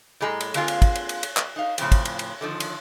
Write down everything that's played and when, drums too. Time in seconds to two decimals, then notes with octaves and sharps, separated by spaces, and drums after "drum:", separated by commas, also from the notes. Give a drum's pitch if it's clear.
0.21 A2 G3 G#3 A#5
0.41 drum: cymbal
0.54 D3 G#3 A#3 C4 F4 G#4, drum: cymbal
0.68 drum: cymbal
0.82 drum: kick, cymbal
0.95 drum: cymbal
1.09 drum: cymbal
1.23 drum: cymbal
1.37 drum: clap
1.56 D#4 F5
1.78 A2 C#3 F3 C4, drum: cymbal
1.92 drum: kick, cymbal
2.05 drum: cymbal
2.19 drum: cymbal
2.41 D3 D#3 F3
2.60 drum: cymbal